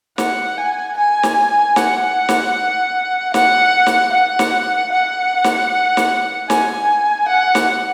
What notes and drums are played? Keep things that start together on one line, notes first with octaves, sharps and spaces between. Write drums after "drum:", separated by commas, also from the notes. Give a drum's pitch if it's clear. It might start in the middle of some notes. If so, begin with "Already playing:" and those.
F#5, drum: snare
G#5
G#5
drum: snare
F#5, drum: snare
drum: snare
F#5, drum: snare
drum: snare
F#5
drum: snare
F#5
drum: snare
drum: snare
G#5, drum: snare
F#5
drum: snare